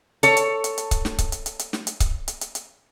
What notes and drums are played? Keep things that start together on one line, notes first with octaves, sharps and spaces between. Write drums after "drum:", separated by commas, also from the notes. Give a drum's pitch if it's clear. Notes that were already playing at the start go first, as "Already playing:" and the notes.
A4 C#5, drum: hi-hat
drum: hi-hat
drum: hi-hat
drum: hi-hat
drum: kick C#1, hi-hat
drum: snare
drum: kick C#1, hi-hat
drum: hi-hat
drum: hi-hat
drum: hi-hat
drum: snare
drum: hi-hat
drum: kick C#1, hi-hat
drum: hi-hat
drum: hi-hat
drum: hi-hat